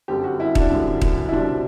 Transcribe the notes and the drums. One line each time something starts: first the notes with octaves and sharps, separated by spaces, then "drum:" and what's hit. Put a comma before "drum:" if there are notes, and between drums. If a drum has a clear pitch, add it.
G1 F#2 D3 G3 C4 G4
F#4
E4
D4, drum: kick D#1
G1 F#2 D3 G3 C4
drum: kick D#1
E4
C2 B2 G3 C4 D4